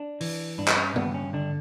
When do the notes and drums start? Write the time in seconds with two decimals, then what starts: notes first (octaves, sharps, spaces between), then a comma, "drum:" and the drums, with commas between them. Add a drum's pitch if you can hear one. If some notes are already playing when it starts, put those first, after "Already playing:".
Already playing: D4
0.21 E3, drum: open hi-hat
0.58 G2 D4
0.68 drum: clap
0.77 C#4
0.96 G2 B3, drum: tom
1.14 C#4
1.33 D3 D4